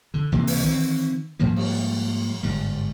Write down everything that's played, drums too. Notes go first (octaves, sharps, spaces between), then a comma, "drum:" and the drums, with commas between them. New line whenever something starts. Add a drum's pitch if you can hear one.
D3
C#2 C3 E3 A#3
drum: open hi-hat
D#3 E3 C4
G#2 F3 G3 A#3
drum: cymbal
G1 G#2 G3